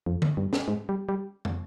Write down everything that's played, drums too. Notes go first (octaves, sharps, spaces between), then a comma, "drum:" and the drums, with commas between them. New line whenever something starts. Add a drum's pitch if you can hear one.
F2
drum: tom D3
G2
drum: snare
G#2
G3
G3
drum: tom